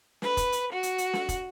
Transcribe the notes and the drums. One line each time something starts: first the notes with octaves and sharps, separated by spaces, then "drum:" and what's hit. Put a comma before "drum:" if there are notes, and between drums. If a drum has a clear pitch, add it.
B4, drum: snare
drum: kick, hi-hat
drum: hi-hat
F#4
drum: hi-hat
drum: hi-hat
drum: snare
drum: kick, hi-hat